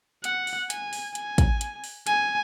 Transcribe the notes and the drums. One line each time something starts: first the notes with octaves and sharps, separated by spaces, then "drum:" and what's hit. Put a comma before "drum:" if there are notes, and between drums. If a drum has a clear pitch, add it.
F#5, drum: hi-hat
drum: open hi-hat
G#5, drum: hi-hat
drum: open hi-hat
G#5, drum: hi-hat
drum: kick, hi-hat
drum: hi-hat
drum: open hi-hat
G#5, drum: hi-hat